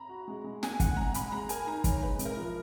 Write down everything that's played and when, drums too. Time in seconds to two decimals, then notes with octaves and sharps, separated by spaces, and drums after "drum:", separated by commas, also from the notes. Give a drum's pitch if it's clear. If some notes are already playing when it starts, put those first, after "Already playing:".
Already playing: A#5 B5
0.09 F#4
0.28 G#3
0.44 G#3
0.63 A#3 G#5, drum: snare
0.80 G#2 F#5, drum: kick, hi-hat
0.96 G#2 A#5
1.14 G#2 B5, drum: hi-hat
1.32 G#3 A#5
1.49 A#4 G#5, drum: hi-hat
1.66 D#4 A#5
1.84 C#5 A#5, drum: kick, hi-hat
2.02 G#3 B4
2.19 G#2, drum: hi-hat
2.25 A#4
2.37 F3